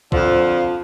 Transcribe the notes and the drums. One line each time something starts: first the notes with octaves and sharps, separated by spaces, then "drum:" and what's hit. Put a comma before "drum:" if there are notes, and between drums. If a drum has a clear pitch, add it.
F2 D3 F3, drum: kick